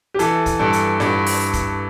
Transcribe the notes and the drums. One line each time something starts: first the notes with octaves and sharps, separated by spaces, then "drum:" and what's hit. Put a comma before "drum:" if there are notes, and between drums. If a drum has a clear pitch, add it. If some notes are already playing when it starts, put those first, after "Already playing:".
G4
E3 A4, drum: hi-hat
drum: kick, hi-hat
G2 A4
drum: hi-hat
G2, drum: snare F4
drum: open hi-hat
drum: kick, hi-hat